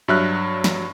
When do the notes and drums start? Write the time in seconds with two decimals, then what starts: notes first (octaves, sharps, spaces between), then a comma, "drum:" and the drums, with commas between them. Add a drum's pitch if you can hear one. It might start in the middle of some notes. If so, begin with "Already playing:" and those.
0.08 G2 F#3 E5 F6 F#6
0.64 drum: snare